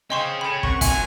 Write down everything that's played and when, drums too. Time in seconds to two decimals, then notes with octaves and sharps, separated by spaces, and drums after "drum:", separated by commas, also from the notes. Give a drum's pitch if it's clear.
0.10 C#4 G#4 C5 D#5 F5 G5 C6 C#6
0.41 A4 C#5 G5 B5
0.63 C4 A#4 F#5 C#6, drum: kick
0.81 A#2 F#3 E5 G#5, drum: kick, hi-hat